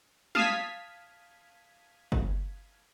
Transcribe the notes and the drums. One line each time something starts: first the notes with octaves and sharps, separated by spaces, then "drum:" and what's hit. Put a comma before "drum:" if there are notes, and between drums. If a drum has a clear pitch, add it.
F5 A5 D#6 F6 G#6 B6, drum: snare
drum: kick